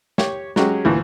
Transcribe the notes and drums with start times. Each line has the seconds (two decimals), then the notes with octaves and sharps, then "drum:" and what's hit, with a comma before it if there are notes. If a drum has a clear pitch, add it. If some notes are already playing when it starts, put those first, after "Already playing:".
0.18 G4 C#5, drum: snare
0.56 F#3 G#3 C#4 G4, drum: snare
0.85 D2 A#2 E3